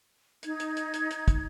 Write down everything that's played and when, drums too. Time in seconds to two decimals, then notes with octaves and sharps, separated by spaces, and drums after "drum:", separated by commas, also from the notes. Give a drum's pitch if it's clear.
0.43 D#4 G#6, drum: hi-hat
0.60 drum: hi-hat
0.77 drum: hi-hat
0.94 drum: hi-hat
1.11 drum: hi-hat
1.28 drum: kick, hi-hat